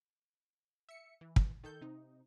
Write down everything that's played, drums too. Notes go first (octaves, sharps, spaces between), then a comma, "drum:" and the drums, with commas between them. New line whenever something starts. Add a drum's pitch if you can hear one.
E5 C#7
E3
drum: kick
D#3 A4 G6
C3 D#4